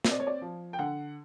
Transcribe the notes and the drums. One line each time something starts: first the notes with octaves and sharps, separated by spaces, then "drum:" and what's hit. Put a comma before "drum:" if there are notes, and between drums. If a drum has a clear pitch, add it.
C4 D#5, drum: snare
D5
C#5
D5
F3
G5
D3 F#5